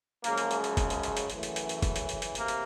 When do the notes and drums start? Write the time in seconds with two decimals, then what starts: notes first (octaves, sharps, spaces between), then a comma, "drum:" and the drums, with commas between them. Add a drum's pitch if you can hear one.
0.24 F#2 C#3 F3 G#3 A#3, drum: hi-hat
0.38 drum: hi-hat
0.51 drum: hi-hat
0.64 drum: hi-hat
0.77 drum: kick, hi-hat
0.90 drum: hi-hat
1.03 drum: hi-hat
1.17 drum: hi-hat
1.30 F#2 C#3 E3 A3, drum: hi-hat
1.43 drum: hi-hat
1.56 drum: hi-hat
1.69 drum: hi-hat
1.82 drum: kick, hi-hat
1.96 drum: hi-hat
2.09 drum: hi-hat
2.22 drum: hi-hat
2.35 C3 A#3, drum: hi-hat
2.48 drum: hi-hat